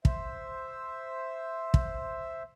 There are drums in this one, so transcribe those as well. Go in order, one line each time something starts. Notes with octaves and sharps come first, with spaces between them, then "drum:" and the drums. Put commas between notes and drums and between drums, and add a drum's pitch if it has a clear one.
C5 E5, drum: kick
drum: kick